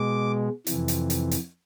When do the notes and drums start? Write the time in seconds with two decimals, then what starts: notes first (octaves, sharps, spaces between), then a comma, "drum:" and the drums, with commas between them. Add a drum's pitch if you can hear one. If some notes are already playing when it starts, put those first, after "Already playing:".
Already playing: B2 G#3 D6
0.67 F2 C3 E3, drum: hi-hat
0.88 drum: hi-hat
1.10 drum: hi-hat
1.31 drum: hi-hat